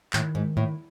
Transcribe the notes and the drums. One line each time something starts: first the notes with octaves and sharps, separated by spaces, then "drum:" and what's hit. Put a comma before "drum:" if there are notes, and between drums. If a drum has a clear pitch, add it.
A2 D#3, drum: clap
G#2
A2